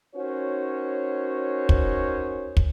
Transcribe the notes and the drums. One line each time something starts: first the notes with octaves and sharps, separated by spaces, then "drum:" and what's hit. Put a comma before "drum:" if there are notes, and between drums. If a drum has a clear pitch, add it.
C#4 D#4 F#4 A#4 C5 C#5
drum: kick
drum: kick